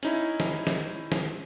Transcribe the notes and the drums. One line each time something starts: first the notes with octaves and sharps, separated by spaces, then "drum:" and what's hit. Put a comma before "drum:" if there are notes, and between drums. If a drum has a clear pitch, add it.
C#4 D#4 E4, drum: hi-hat
drum: snare
drum: snare
drum: snare